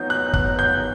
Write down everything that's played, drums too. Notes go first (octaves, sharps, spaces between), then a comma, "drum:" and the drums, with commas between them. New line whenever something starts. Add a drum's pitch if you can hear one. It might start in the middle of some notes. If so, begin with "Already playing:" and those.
Already playing: B2 F#3 B3 D#4 G6
F#6
F#6, drum: kick
G6